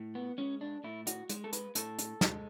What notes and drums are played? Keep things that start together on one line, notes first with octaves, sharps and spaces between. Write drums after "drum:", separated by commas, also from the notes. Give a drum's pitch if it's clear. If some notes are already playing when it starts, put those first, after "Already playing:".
Already playing: A2
B3
G#3 C#4
D4
A2 E4
F#4, drum: hi-hat
G#3, drum: hi-hat
A4
B4, drum: hi-hat
A2 A4, drum: hi-hat
drum: hi-hat
G#3, drum: snare